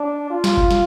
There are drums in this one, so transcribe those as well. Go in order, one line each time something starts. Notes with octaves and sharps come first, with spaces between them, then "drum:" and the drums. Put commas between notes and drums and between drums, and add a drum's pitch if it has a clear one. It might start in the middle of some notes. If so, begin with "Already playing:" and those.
Already playing: D4
F4
drum: snare
drum: kick F#1
drum: snare